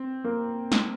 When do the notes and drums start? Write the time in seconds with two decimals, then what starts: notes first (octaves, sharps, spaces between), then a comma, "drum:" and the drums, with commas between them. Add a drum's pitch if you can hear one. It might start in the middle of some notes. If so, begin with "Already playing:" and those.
Already playing: C4
0.24 A#3
0.72 drum: snare